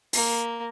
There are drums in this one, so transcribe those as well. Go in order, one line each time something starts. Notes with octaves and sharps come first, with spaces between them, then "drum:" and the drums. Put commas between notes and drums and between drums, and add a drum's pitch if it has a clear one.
A#3, drum: open hi-hat